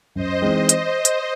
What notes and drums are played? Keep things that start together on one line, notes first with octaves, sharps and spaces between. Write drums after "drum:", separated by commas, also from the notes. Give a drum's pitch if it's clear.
F#2 C5 D#5
E3 G#3 C4 D#4
drum: hi-hat
drum: hi-hat